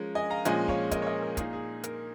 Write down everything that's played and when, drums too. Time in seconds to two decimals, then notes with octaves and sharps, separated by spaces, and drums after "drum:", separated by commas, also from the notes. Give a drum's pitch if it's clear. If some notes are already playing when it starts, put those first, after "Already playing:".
Already playing: F3 G#3 C#4 A#4
0.15 D#5 G#5
0.30 F5 A#5
0.45 A#2 F3 G#3 C#4 D#5 G#5, drum: hi-hat
0.68 C#5 F5, drum: kick
0.91 A#4 D#5, drum: kick, hi-hat
1.02 C#5
1.07 A#4 D#5
1.22 A#4
1.37 A#2 A#3 D#4 G#4, drum: kick, hi-hat
1.53 G#4
1.84 A#4, drum: hi-hat